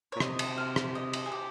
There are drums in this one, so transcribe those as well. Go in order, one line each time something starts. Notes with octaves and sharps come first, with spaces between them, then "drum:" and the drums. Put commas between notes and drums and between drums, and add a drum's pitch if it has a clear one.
C#5
A#2
C3 D#5, drum: rim click
drum: cymbal
F5
drum: rim click
D#5
drum: cymbal
G#4
G4